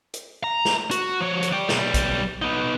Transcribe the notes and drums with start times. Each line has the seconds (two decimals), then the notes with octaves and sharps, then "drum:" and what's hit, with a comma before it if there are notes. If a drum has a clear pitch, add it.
0.14 drum: hi-hat
0.44 A#5
0.65 drum: snare
0.91 F#4, drum: hi-hat
1.21 F3 C#5
1.43 drum: hi-hat
1.53 D5 G5
1.69 B1 G3, drum: snare
1.94 drum: kick A#1, hi-hat
2.42 B3 D#4